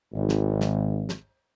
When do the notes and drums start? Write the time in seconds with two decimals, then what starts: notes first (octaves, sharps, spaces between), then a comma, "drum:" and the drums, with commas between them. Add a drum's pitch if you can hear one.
0.13 G#1
0.29 drum: snare
0.61 drum: snare
1.09 drum: snare